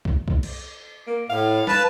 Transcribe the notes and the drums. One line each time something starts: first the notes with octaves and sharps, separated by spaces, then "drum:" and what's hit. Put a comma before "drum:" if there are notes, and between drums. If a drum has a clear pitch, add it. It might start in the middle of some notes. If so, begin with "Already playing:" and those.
drum: kick
drum: kick
drum: cymbal
A#3
A2 F5
B4 A5, drum: snare